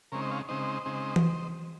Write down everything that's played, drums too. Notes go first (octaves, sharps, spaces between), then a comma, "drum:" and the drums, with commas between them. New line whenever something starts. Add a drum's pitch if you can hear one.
C#3 G#3 C4 D#4 A#4 C#5
C5 D#5
C#5 F5
C#3 G#3 C4 D#4 C5 D#5
C#3 G#3 C4 D#4
drum: tom E3